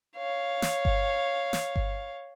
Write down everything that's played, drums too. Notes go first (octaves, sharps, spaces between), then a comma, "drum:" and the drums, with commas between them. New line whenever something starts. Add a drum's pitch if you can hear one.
C#5 F5
drum: snare
drum: kick G1
drum: snare
drum: kick G1